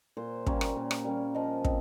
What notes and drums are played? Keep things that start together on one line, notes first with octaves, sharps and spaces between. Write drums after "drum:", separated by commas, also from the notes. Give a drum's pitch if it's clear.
A#2 C5
G3 A#3 C#4, drum: kick
drum: rim click
A#2
drum: rim click
G3 A#3 C#4
F3 D#5
C4 D#5, drum: kick